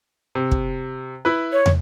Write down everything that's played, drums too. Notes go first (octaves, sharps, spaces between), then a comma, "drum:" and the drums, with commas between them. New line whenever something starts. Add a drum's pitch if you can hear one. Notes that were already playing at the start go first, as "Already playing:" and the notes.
C3
drum: kick
E4 B4
C#5
drum: tom